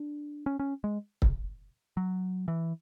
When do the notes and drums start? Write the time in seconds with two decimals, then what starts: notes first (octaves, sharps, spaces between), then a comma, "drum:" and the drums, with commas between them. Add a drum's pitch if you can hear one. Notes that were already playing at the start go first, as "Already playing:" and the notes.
Already playing: D4
0.46 C#4
0.59 C#4
0.84 G#3
1.22 drum: kick
1.97 F#3
2.48 E3